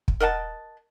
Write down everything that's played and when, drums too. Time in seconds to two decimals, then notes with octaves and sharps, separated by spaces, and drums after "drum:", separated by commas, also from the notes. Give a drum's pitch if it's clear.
0.08 drum: kick
0.20 A#4 D#5 F#5 A5